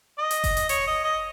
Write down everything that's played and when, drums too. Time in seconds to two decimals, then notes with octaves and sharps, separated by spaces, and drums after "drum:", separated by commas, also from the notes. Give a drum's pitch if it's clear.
0.18 D#5
0.31 drum: hi-hat
0.44 drum: kick F#1, open hi-hat
0.57 drum: hi-hat
0.69 C#5, drum: hi-hat
0.87 D#5
1.04 D#5